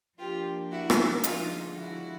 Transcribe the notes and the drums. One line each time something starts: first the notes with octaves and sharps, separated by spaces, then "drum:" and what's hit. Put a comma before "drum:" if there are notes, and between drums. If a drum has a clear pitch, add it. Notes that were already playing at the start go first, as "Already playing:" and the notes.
F3 A#3 D4 F4 G4
E4 F#4
drum: rim click
D3 F3 G#3 D#4 F4, drum: hi-hat
E4 F#4